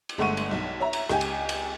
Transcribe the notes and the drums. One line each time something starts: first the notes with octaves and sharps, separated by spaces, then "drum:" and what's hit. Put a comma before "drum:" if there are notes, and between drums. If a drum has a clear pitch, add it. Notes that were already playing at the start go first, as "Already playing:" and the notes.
drum: cymbal
G1 G#3 A3 F#5 C#6 D#7
drum: cymbal
B1
C#5 E5 A#5
drum: cymbal
C#2 G4 G#5, drum: rim click
drum: cymbal
drum: cymbal